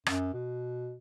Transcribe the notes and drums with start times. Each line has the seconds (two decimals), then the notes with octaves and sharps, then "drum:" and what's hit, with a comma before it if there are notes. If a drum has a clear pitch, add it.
0.06 F#2, drum: rim click
0.33 B2